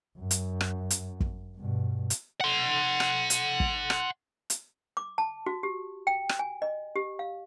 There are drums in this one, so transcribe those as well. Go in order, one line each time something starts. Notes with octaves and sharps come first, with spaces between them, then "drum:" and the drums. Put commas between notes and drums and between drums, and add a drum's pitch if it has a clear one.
F#2
drum: hi-hat
drum: rim click
drum: hi-hat
drum: kick
G2 B2
drum: hi-hat
F#5 C6
drum: rim click
drum: hi-hat
drum: kick
drum: rim click
drum: hi-hat
D6
A5
F#4
G4
G5
drum: rim click
G#5
D#5
G4
F5